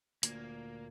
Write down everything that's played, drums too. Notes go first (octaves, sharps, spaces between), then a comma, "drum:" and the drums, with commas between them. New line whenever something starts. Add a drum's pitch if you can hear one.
D2 A#2 A#3 G#6, drum: hi-hat